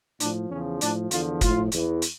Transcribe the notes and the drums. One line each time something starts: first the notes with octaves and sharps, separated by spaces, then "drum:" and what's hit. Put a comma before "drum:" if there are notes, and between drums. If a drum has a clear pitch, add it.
A2 F3 D4, drum: hi-hat
E2 C#3 F3 C#4
A2 F3 D4, drum: hi-hat
E2 D3 F3 F4, drum: hi-hat
A2 F3 F4, drum: kick, hi-hat
E2 E3, drum: hi-hat
drum: hi-hat